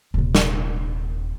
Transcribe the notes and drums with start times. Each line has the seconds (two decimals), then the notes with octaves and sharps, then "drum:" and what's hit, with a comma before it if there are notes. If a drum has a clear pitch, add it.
0.14 D#1 C3
0.35 drum: snare